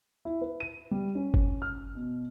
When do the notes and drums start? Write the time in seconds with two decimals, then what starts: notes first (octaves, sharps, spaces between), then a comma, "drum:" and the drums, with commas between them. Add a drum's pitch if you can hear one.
0.25 E4
0.41 B4
0.60 D#7
0.91 G3
1.15 C#4
1.34 drum: kick F#1
1.62 F6
1.95 B2